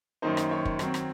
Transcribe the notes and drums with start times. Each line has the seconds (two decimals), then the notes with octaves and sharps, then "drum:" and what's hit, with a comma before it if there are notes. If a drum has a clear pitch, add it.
0.22 F#2 D#3 A#3 D#4 C5
0.37 drum: rim click
0.51 C#5
0.65 drum: kick
0.79 D#3 F#3 C4, drum: rim click
0.94 drum: rim click